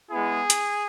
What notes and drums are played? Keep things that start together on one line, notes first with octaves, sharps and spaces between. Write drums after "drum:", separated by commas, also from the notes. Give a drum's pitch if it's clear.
G#3 B3 E4 G#4
drum: hi-hat